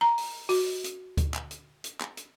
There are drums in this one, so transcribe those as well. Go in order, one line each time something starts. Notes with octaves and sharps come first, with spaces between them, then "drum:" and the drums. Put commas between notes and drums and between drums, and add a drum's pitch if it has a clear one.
A#5
drum: open hi-hat
F#4, drum: open hi-hat
drum: hi-hat
drum: kick D2, hi-hat
drum: clap
drum: hi-hat
drum: hi-hat
drum: clap
drum: hi-hat